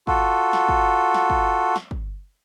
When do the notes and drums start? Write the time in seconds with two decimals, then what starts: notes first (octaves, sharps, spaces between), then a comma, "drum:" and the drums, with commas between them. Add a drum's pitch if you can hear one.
0.07 F4 F#4 A4, drum: kick
0.53 drum: snare
0.68 drum: kick
1.14 drum: snare
1.30 drum: kick
1.76 drum: snare
1.91 drum: kick